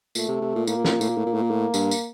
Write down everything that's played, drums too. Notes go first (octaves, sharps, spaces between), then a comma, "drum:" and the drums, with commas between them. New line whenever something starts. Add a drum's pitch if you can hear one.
A#2 A3, drum: tambourine
C3
C3
A#2
A2 A#3, drum: tambourine
A#2
A2, drum: snare
A#2
A2, drum: tambourine
A#2
A2
A#2
A2
A#2
A2
G2, drum: tambourine
drum: tambourine